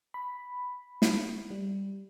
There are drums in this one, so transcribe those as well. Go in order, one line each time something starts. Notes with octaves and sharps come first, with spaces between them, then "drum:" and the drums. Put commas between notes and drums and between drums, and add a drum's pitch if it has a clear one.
B5
drum: snare
G3